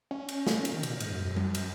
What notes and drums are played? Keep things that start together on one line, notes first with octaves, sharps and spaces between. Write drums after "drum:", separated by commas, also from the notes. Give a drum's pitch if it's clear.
C#4
drum: cymbal
drum: snare
A#3, drum: cymbal
D#3
B2, drum: cymbal
A#2
G#2, drum: cymbal
F#2
F#2
drum: tom G3
drum: cymbal